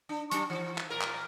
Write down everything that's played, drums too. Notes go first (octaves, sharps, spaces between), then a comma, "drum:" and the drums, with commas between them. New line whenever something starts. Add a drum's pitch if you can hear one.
D4
F#3 D4, drum: hi-hat
E3
drum: clap
A#2 A#4
drum: clap